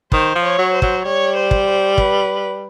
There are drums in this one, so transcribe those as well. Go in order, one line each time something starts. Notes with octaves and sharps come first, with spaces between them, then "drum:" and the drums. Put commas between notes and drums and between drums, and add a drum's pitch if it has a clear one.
D#3 C5, drum: kick
F3
C#5
F#3
C5
F#3, drum: kick
G3 C#5
C5
drum: kick
C5
B4, drum: kick